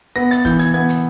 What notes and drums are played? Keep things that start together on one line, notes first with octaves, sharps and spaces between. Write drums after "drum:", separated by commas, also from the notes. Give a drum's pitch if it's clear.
B3 A#6
A6, drum: hi-hat
E3 G6, drum: kick, hi-hat
G#6, drum: hi-hat
B3 G#6
drum: hi-hat